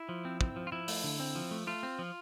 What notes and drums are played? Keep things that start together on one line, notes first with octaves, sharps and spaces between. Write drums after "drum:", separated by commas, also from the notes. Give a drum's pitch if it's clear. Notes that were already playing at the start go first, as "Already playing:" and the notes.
Already playing: E4
F3
C4
C4, drum: kick
F3
F4
F3 E4
A3, drum: open hi-hat
D3
C4
F3
A3
A3 F4
C4
F3